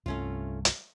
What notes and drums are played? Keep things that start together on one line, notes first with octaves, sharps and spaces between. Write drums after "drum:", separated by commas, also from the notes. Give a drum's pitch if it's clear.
C2 G2 A3 C#4 F4
drum: hi-hat